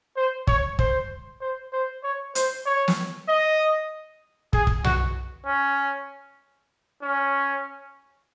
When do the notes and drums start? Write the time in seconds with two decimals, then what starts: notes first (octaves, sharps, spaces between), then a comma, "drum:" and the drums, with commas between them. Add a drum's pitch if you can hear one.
0.16 C5
0.47 C#5, drum: kick
0.79 C5, drum: kick
1.41 C5
1.73 C5
2.03 C#5
2.35 C5, drum: hi-hat
2.66 C#5
2.88 drum: snare
3.28 D#5
4.53 G#4, drum: kick
4.67 drum: kick
4.84 F#4, drum: tom B1
5.46 C#4
7.02 C#4